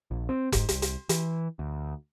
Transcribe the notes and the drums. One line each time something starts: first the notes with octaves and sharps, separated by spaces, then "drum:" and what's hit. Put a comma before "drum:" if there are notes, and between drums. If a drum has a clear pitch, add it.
A#1
C4
G#2, drum: kick F1, hi-hat
C2, drum: hi-hat
drum: hi-hat
E3, drum: hi-hat
D2